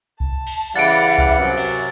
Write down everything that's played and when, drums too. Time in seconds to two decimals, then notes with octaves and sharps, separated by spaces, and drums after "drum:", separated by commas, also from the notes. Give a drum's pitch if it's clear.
0.20 A5, drum: kick C2
0.47 drum: cymbal
0.76 C#3 E3 G3 F5 F#5 A6 D7
1.18 drum: kick C2
1.39 F#2 C3 F#3
1.57 drum: cymbal